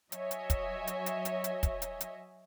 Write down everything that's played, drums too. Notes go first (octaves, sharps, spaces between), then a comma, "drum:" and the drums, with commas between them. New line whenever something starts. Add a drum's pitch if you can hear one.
F#3 C#5 D#5 E5 G#5, drum: hi-hat
drum: hi-hat
drum: kick, hi-hat
drum: hi-hat
drum: hi-hat
drum: hi-hat
drum: hi-hat
drum: kick, hi-hat
drum: hi-hat
drum: hi-hat